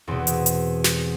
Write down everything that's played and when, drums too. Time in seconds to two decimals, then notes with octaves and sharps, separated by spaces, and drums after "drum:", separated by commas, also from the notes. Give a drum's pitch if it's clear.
0.08 E2 B2 C4
0.27 drum: hi-hat
0.46 drum: hi-hat
0.84 drum: snare